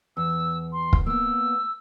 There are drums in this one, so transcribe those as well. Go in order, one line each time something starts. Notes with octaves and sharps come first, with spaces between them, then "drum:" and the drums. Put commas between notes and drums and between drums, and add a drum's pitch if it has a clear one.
E2 E6
C6
drum: kick
A#3 B3 E6